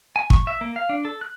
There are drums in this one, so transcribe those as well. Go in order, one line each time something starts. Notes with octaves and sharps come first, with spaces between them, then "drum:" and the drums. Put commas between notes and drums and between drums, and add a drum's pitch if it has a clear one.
G#5
C#6, drum: kick
E5
A#3
F5
D4
A4
F#6